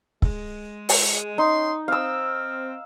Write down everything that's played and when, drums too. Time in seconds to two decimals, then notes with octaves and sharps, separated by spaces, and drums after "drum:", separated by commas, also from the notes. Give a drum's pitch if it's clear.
0.22 G#3, drum: kick
0.89 drum: open hi-hat
1.38 C#4 D#4 C6
1.88 C4 F5 E6